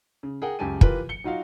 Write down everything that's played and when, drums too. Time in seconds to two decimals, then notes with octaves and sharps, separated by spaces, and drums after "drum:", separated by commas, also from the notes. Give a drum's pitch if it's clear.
0.23 C#3
0.42 G#4 A#4 F#5 G5
0.59 C#2 F#2 G4 G#5 A5 D#7
0.81 E3 F4 G4 A#4 B4, drum: kick
1.09 C#7 G7
1.24 F#3 D#4 F4 F#4 F5